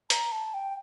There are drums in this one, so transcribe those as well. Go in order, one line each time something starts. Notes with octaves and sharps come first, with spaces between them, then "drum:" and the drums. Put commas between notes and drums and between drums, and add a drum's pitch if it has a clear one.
A#5, drum: hi-hat
A5
G5